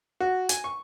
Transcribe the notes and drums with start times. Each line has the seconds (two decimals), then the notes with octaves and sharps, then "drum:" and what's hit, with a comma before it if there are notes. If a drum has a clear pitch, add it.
0.20 F#4
0.49 G#5, drum: hi-hat
0.64 C#6